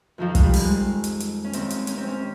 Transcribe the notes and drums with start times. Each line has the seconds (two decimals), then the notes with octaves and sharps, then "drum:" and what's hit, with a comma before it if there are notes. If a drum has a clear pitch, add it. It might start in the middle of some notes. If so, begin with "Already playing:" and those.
0.18 F2 D#3 F3
0.35 G#3, drum: kick, hi-hat
0.43 G3
0.54 drum: open hi-hat
0.64 G#3
1.04 drum: hi-hat
1.20 drum: hi-hat
1.44 C#4
1.53 D#2 D#3 C4, drum: hi-hat
1.70 drum: hi-hat
1.87 C#4, drum: hi-hat
1.97 C4
2.07 C#4